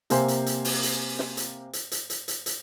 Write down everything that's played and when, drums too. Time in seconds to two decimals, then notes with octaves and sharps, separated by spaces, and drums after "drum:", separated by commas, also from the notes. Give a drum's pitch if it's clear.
0.10 C3 A#3 C4 C5 G#5, drum: hi-hat
0.28 drum: hi-hat
0.46 drum: hi-hat
0.65 drum: open hi-hat
0.83 drum: hi-hat
1.19 drum: snare
1.37 drum: hi-hat
1.73 drum: hi-hat
1.92 drum: hi-hat
2.10 drum: hi-hat
2.28 drum: hi-hat
2.46 drum: hi-hat